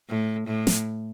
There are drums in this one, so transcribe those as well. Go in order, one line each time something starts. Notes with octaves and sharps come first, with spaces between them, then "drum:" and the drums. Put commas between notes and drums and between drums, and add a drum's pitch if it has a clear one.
A2
A2
drum: snare